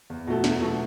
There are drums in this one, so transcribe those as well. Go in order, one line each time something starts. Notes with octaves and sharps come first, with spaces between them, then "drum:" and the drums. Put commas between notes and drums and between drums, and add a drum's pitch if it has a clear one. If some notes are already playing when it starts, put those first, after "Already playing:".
E2
B2 F#3 A3
E2, drum: snare
B2 F#3 A3